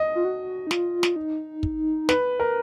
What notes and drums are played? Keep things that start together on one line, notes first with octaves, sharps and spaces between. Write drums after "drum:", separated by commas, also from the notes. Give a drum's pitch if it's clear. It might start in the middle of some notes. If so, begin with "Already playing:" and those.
Already playing: D#5
F4
F#4
D#4
F4, drum: snare
drum: snare
D#4
drum: kick
B4, drum: snare
A#4